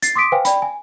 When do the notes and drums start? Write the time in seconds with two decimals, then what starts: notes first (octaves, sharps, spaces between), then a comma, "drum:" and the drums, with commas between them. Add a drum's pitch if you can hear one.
0.02 A6 C7, drum: hi-hat
0.16 C6 D6 D#6 B6 D7
0.32 B4 C5 F5 G5 G#5
0.45 D5 G5 B5, drum: hi-hat
0.62 G#5